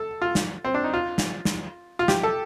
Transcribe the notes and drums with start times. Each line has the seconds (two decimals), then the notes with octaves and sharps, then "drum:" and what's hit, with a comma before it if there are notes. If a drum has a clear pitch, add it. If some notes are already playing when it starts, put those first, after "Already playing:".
Already playing: A4
0.22 F4
0.35 drum: snare
0.65 C4
0.74 D4
0.84 D#4
0.94 F4
1.18 drum: snare
1.45 drum: snare
1.99 F4
2.08 G4, drum: snare
2.23 A4